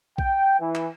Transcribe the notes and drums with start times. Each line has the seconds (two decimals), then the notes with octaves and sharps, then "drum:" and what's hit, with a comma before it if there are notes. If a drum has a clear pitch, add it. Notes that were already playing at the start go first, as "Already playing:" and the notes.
0.18 G5, drum: kick A#1
0.60 E3
0.75 drum: clap